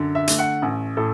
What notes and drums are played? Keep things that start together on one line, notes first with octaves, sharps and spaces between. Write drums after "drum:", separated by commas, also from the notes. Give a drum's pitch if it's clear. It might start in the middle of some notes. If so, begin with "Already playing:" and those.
Already playing: F#2 D3
E5
A3, drum: hi-hat
F#5
A1
A2 A4